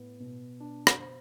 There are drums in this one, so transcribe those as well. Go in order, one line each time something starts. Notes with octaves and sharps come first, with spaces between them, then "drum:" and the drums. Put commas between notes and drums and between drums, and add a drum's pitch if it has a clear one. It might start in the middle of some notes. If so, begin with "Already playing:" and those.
Already playing: A2 B3
B2
D4
drum: rim click
C5